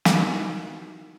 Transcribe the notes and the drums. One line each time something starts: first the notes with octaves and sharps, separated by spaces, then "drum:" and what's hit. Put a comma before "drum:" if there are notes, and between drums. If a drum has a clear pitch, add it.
D#4 E4 F#4 G4 A#4 B4, drum: snare